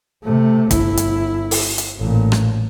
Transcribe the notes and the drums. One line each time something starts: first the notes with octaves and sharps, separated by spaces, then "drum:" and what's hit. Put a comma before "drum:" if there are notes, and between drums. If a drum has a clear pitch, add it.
C3 A3
G1 E4, drum: kick, hi-hat
drum: hi-hat
drum: open hi-hat
drum: hi-hat
A1 A#2
drum: rim click